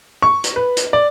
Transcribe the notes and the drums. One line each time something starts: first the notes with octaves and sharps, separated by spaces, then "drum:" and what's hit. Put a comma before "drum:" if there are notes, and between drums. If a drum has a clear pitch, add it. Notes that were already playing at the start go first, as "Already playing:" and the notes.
C#6
drum: hi-hat
B4
drum: hi-hat
D5